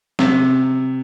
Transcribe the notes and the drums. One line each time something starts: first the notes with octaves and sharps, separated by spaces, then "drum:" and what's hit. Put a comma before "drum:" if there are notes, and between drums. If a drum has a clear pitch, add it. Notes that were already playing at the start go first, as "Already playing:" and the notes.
C3, drum: snare